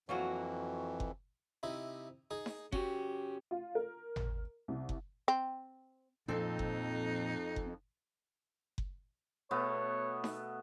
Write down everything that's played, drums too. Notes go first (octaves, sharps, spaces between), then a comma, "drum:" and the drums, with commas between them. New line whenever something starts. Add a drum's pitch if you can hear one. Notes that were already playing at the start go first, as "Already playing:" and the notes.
F2 E3 F#3 A#3 F#4
drum: kick F#1
C3 D#4 E4
D#4 G#4
drum: snare D#4
C#4 F#4 G4, drum: kick F#1
F4
A#4
drum: tom G#1
C2
drum: kick F#1
C4
F2 A#2 F3 C4 D#4 A4 C5
drum: kick F#1
drum: kick F#1
drum: kick F#1
B2 A3 B3 C#5
drum: snare D#4